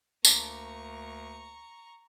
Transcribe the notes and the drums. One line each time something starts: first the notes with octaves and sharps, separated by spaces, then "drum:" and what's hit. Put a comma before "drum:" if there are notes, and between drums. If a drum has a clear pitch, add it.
D2 A#3 D4 A4 D5 A#5 C#6, drum: tambourine